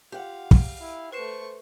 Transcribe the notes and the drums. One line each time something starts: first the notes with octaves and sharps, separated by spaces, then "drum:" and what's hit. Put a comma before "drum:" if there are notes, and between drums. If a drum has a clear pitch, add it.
F4 G4 F5 F#5
drum: kick
E4
A3 B4 C5 C#6 C7 E7